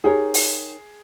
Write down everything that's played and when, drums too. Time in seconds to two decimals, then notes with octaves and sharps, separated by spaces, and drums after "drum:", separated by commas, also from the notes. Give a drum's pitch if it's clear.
0.04 D#4 G4 G#4 A#4 C#5
0.34 drum: open hi-hat